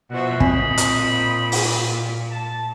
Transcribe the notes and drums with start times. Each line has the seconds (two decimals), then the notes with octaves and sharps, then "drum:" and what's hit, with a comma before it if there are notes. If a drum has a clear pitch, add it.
0.11 B2 F3 F#4 E5
0.40 A#2 C4 C5 D#5 B5, drum: kick
0.78 drum: hi-hat
1.52 drum: open hi-hat
2.30 A5